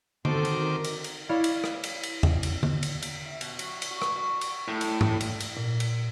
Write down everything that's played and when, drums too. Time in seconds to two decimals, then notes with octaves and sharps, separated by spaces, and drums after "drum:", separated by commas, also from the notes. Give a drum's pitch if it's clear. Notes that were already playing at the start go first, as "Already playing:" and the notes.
0.25 D#3 C4 F#4 A4 C5 D6, drum: tom D3
0.45 drum: cymbal
0.58 D#4 A#4
0.84 drum: cymbal
1.04 drum: cymbal
1.29 E4 C#5 D5 F5
1.44 drum: cymbal
1.64 drum: rim click
1.84 drum: cymbal
2.03 drum: cymbal
2.23 drum: tom E2
2.43 drum: cymbal
2.63 drum: tom D3
2.83 drum: cymbal
3.02 drum: cymbal
3.25 E4
3.41 B2, drum: cymbal
3.59 F#3, drum: cymbal
3.82 drum: cymbal
3.91 F#4
4.02 drum: rim click
4.16 F#4
4.41 drum: cymbal
4.68 A2
4.81 drum: cymbal
5.01 drum: tom G#2
5.21 drum: cymbal
5.40 drum: cymbal
5.57 A#2
5.80 drum: cymbal